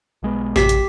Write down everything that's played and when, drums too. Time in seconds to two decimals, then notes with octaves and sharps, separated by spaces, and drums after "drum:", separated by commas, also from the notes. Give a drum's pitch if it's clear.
0.23 B1 G#3 B3
0.56 A1 F#2 A2 C3 G4 B6, drum: snare
0.69 drum: hi-hat